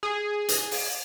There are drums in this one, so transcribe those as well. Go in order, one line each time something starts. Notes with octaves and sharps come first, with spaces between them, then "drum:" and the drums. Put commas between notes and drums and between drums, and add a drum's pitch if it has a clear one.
G#4
drum: hi-hat
drum: open hi-hat